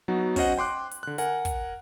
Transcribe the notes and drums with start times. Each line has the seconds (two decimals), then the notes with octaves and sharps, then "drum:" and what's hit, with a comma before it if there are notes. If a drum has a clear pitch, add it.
0.08 F#3 B3 D#4 F#4
0.36 C#4 F#4 C5 D#5 F#5, drum: kick, open hi-hat
0.58 G5 C6 D6 F#6
0.91 drum: hi-hat
1.03 D3 F#6
1.18 A#4 F#5 G#5, drum: hi-hat
1.45 drum: kick, hi-hat